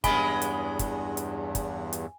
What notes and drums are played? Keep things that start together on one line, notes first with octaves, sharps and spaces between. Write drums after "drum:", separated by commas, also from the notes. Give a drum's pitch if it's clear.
E2 G2 C#3 G#3 B3 G#5 B5 G7, drum: kick, hi-hat
drum: hi-hat
drum: kick, hi-hat
drum: hi-hat
drum: kick, hi-hat
drum: hi-hat